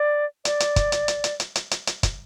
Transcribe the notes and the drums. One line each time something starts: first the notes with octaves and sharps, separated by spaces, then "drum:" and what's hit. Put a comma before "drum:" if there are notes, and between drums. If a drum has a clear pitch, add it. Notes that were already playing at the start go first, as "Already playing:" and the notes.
Already playing: D5
D5, drum: hi-hat
drum: hi-hat
drum: kick, hi-hat
drum: hi-hat
drum: hi-hat
drum: hi-hat
drum: hi-hat
drum: hi-hat
drum: hi-hat
drum: hi-hat
drum: kick, hi-hat